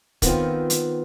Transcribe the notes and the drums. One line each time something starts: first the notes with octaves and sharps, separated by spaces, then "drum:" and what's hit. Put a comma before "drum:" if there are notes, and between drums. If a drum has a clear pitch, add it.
D#3 B3 C4 F4, drum: kick, hi-hat
drum: hi-hat